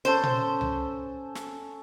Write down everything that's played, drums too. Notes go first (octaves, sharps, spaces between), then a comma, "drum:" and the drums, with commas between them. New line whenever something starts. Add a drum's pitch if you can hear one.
C#4 A4 C5
drum: tom A#2
drum: tom C2
drum: snare